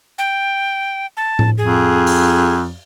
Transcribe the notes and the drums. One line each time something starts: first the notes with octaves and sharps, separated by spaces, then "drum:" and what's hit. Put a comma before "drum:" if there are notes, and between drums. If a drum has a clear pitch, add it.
G5
A5
drum: tom A2
F2 G#4
drum: open hi-hat